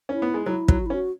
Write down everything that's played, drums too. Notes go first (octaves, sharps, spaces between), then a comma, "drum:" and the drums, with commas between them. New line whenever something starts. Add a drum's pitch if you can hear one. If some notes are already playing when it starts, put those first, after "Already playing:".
C#4 E4
B3
G#3
F#3 E4
F#3, drum: kick
F#4
E4
C#4
F#4